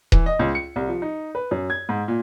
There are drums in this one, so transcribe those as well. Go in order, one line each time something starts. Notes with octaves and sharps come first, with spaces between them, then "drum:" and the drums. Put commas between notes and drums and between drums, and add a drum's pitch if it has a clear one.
E3, drum: kick D#1
D#5
C#2
C#7
C2
F3
D#4
B4
F#2
G#6
G#2
A#2